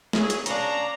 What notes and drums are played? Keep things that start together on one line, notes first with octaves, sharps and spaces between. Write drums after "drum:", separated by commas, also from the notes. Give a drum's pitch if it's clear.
F#3 G#4, drum: snare
drum: hi-hat
C#4 D4 F5 A#5, drum: hi-hat